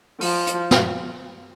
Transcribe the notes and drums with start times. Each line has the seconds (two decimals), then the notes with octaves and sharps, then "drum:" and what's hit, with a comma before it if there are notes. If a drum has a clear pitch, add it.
0.21 F3, drum: open hi-hat
0.47 drum: hi-hat
0.71 drum: snare